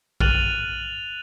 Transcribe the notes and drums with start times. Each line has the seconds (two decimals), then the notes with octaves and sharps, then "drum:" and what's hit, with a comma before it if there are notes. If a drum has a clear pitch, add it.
0.20 F6 F#6 A6 D#7 F7 F#7, drum: kick A#1